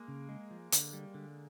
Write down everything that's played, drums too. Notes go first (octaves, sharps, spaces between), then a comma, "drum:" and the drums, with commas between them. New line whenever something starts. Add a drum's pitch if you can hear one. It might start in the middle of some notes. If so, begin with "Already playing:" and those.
Already playing: G#3 A#3
C#3
G#3
F3
D3, drum: hi-hat
G3
D3